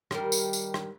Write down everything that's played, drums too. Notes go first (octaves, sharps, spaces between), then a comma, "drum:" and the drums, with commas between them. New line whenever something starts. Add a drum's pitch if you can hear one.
D#3 G3 A#4, drum: rim click
drum: tambourine
drum: tambourine
drum: rim click